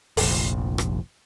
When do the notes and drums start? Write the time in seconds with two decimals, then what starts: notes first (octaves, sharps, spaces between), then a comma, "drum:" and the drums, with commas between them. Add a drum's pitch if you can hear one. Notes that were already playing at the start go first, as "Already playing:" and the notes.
0.17 F1 A#1, drum: open hi-hat
0.78 drum: rim click